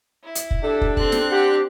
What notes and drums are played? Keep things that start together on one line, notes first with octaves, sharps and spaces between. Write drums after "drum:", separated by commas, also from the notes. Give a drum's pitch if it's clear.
E4
drum: hi-hat
drum: kick
C3 D4 G4 A4
drum: kick
C4 F#6, drum: kick
drum: snare
G4 F#5